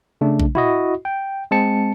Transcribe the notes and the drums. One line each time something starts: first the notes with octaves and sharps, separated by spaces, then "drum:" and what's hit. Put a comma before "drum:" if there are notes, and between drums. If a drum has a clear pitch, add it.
C#3 A3 D4
drum: kick A#1
E4 F#4 D#5, drum: tom
G5
G#3 C4 A5 C#7